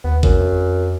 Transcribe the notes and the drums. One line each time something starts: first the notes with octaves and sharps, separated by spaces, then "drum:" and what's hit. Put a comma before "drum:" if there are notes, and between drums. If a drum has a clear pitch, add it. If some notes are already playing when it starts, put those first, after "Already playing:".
D#2 B3
F#2, drum: kick G1
F2